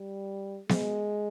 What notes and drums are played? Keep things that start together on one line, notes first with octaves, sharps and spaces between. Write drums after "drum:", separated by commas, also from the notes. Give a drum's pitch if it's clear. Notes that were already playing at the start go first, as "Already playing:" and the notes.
Already playing: G3
G#3, drum: snare B3